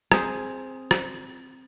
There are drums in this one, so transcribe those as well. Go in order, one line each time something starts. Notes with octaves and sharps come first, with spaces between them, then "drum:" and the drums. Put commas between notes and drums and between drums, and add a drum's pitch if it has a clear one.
C4 G#4, drum: rim click
drum: rim click